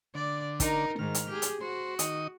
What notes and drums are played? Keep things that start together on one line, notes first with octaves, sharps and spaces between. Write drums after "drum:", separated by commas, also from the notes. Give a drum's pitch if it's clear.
D3 D5
D#4 A#4, drum: kick, hi-hat
G#2 D#3 F6
drum: hi-hat
G4 G#4
drum: hi-hat
F#4 C5
D#3 D#4 D#6, drum: hi-hat